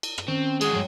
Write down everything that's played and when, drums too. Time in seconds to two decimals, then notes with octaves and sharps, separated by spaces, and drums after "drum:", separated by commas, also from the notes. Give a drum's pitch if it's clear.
0.03 drum: cymbal
0.18 drum: rim click
0.28 D#3 C4 C#4
0.61 G#3 F#4 G#4, drum: cymbal
0.73 G2 F3 G3 C#5